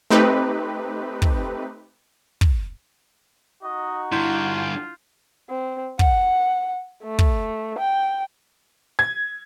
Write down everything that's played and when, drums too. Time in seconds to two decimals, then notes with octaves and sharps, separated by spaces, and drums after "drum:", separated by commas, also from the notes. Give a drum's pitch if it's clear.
0.11 A3 C4 D#4 G4 B4
1.22 drum: kick
2.41 drum: kick
3.63 D#4 F#4 D#5
4.12 G2 D3 E4 F4 C6 G6
5.49 C4
5.99 F#5, drum: kick
7.03 A3
7.19 drum: kick
7.78 G5
8.99 G#6